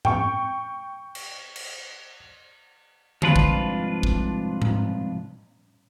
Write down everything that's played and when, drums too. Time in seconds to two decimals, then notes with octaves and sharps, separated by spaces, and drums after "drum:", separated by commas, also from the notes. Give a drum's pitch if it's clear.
0.05 G5 C#6, drum: tom G#2
1.15 drum: cymbal
1.56 drum: cymbal
3.22 C2 G#2 F3 D4 F4 B4, drum: tom D3
3.36 drum: kick
4.03 drum: kick
4.62 drum: tom G#2